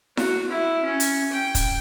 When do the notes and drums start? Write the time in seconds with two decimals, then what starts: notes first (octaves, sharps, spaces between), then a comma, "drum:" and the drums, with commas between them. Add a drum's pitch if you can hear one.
0.17 F#4, drum: snare E4
0.50 E4
0.85 C#4
1.00 drum: hi-hat
1.32 G5
1.55 drum: kick, hi-hat